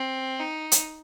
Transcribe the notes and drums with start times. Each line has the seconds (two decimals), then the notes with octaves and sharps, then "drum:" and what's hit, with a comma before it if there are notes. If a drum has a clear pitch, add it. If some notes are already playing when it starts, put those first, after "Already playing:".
Already playing: C4
0.39 D#4
0.72 drum: hi-hat